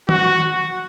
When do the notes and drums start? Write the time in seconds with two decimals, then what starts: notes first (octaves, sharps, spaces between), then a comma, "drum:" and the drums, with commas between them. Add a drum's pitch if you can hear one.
0.09 F#4, drum: tom